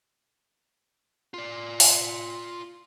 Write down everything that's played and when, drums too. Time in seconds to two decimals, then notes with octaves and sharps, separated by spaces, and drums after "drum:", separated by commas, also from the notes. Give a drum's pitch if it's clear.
1.34 F4 D5
1.80 drum: open hi-hat